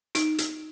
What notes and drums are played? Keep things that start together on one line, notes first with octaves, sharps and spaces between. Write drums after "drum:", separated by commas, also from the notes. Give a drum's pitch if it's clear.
D#4, drum: hi-hat
drum: hi-hat